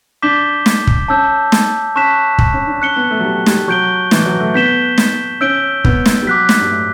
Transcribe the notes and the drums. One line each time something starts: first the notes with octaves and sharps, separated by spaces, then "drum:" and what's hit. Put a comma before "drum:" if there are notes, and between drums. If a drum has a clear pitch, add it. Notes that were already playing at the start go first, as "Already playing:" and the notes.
D4 D6 G6 B6 E7 G7
drum: snare
drum: kick
C#4 A5 E6 G6
drum: snare
C#4 A5 C#6 F#6 B6 E7
drum: kick
C#4
D4
C#4 F#6 C#7 G7
B3
A3
F#3
G3
G3, drum: snare
F#3 C#6 G6 D7 G7
E3, drum: snare
F#3
A3
B3 G6 B6 E7 G7
drum: snare
C#4 E6 G6 D7 G7
B3, drum: kick
drum: snare
G3
F#3 D6 F#6 B6
drum: snare
G2
A2